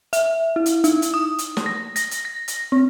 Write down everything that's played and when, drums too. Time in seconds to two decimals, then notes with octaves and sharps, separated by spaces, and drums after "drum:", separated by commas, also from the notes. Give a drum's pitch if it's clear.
0.13 E5, drum: hi-hat
0.56 E4
0.66 drum: hi-hat
0.84 D#4, drum: hi-hat
1.02 drum: hi-hat
1.14 D#6
1.38 drum: hi-hat
1.57 drum: snare
1.66 A#6
1.96 A#6, drum: hi-hat
2.11 drum: hi-hat
2.25 A#6
2.48 drum: hi-hat
2.72 C4